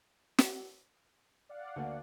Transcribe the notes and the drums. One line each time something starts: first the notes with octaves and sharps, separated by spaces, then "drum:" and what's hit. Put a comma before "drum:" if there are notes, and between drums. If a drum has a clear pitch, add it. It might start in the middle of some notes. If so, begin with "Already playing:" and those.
drum: snare
D5 F5 F#5
D2 A#3